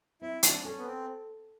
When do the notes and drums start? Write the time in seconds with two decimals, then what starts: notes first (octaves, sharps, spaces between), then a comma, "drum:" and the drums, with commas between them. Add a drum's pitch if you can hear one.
0.21 C4 E4
0.43 D4, drum: hi-hat
0.64 C#4 A4
0.78 B3
0.87 C4